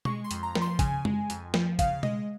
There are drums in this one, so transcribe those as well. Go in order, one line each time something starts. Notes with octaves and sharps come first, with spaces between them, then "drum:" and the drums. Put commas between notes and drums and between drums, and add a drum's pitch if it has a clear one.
G#3 C#6, drum: tom B2
C6
F2, drum: hi-hat
A#5
F3, drum: snare
C6
C#3 G#5, drum: kick, hi-hat
G#3, drum: tom
F2, drum: hi-hat
F3, drum: snare
C#3 F5, drum: kick, hi-hat
G#3 D#5, drum: tom B2